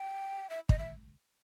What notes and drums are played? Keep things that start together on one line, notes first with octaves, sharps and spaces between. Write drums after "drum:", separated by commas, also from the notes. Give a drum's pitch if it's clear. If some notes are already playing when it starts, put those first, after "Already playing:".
Already playing: G5
E5
D#5, drum: kick
E5